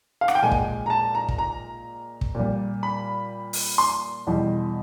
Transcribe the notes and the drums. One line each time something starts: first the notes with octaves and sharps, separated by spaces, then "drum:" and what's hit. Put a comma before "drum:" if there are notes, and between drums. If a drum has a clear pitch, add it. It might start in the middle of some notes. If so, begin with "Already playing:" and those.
F5
F#5, drum: rim click
G5
A#2 F3 G#3 G#5
drum: kick
A#5
A5
A#5
drum: kick
A#5
drum: kick
A#2 G3
B5
drum: open hi-hat
C6
E2 B2 G3